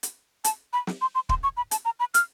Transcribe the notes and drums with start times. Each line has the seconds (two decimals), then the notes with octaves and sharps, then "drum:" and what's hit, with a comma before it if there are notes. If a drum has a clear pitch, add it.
0.03 drum: hi-hat
0.44 A5, drum: hi-hat
0.73 B5
0.87 drum: snare
1.01 C6
1.15 C6
1.29 C6, drum: kick
1.43 C#6
1.57 B5
1.71 A5, drum: hi-hat
1.85 A#5
2.00 B5
2.14 F6, drum: hi-hat